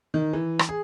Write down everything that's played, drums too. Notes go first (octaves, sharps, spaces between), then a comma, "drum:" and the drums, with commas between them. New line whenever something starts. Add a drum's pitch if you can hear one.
D#3
E3
drum: rim click
G#4